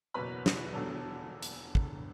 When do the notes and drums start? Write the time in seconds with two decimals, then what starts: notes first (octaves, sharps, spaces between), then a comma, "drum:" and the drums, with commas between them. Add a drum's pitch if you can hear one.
0.14 F#1 E2 B2 F#3 B4 B5
0.46 drum: snare
0.73 E1 E2 D3 F#3 A4 A5
1.43 drum: hi-hat
1.75 drum: kick